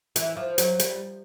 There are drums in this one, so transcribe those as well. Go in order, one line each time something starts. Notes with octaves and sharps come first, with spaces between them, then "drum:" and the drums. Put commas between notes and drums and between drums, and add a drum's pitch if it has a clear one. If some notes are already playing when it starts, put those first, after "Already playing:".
E3, drum: hi-hat
F3
F#3, drum: hi-hat
G3, drum: hi-hat